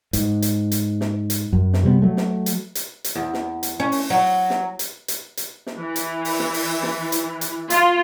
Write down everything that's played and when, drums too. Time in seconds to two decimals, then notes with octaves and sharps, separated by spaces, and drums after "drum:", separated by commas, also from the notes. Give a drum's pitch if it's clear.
0.13 G#2, drum: hi-hat
0.42 drum: hi-hat
0.72 drum: hi-hat
1.01 drum: snare
1.30 drum: hi-hat
1.53 F#2
1.73 drum: snare
1.83 C3 G3 G#3 B3
2.02 F#3 A3
2.17 drum: snare
2.46 drum: hi-hat
2.75 drum: hi-hat
3.04 drum: hi-hat
3.15 E2
3.34 drum: snare
3.63 drum: hi-hat
3.80 C#4
3.92 drum: open hi-hat
4.10 F#3
4.50 drum: snare
4.79 drum: hi-hat
5.08 drum: hi-hat
5.37 drum: hi-hat
5.67 drum: snare
5.77 E3
5.96 drum: hi-hat
6.25 drum: open hi-hat
6.39 drum: snare
6.54 drum: open hi-hat
6.83 drum: snare
7.12 drum: hi-hat
7.41 drum: hi-hat
7.70 F4, drum: hi-hat